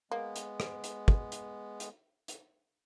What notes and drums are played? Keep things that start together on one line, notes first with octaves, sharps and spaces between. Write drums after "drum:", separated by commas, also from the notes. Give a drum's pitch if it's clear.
G#3 A#3 B3
drum: hi-hat
drum: rim click
drum: hi-hat
drum: kick
drum: hi-hat
drum: hi-hat
drum: hi-hat